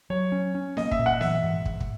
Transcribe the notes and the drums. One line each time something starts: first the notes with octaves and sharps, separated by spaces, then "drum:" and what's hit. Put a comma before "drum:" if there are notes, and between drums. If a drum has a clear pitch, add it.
F#3 C#5
C#4
C#4
A#3 D#5, drum: snare B3
E5, drum: kick
A#2
F#5
E3 E5, drum: snare B3
G#2
G#2, drum: kick
drum: kick